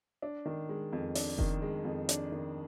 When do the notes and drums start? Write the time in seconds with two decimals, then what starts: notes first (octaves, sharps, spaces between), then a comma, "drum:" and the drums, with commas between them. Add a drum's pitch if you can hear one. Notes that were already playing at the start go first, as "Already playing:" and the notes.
0.22 D4
0.46 D#3
0.69 G#3
0.93 F2
1.15 D4, drum: open hi-hat
1.39 D#3, drum: kick F1
1.62 G#3
1.84 F2
2.09 D4, drum: hi-hat
2.32 D#3